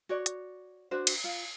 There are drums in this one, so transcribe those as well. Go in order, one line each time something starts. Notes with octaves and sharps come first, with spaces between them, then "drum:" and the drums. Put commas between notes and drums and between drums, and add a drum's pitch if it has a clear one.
F#4 C#5 D5
drum: hi-hat
D4 F#4 C5
drum: cymbal
F4